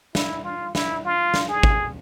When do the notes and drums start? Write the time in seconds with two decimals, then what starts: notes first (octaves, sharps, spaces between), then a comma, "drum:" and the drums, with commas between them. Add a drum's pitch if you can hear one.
0.15 E4, drum: snare
0.44 F4
0.75 E4, drum: snare
1.05 F4
1.34 drum: snare
1.49 G#4
1.63 drum: kick G#1